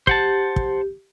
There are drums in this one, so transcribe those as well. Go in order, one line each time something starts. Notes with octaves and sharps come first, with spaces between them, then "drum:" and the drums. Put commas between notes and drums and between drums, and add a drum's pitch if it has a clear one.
G4 C5 F#5 A5, drum: kick
drum: kick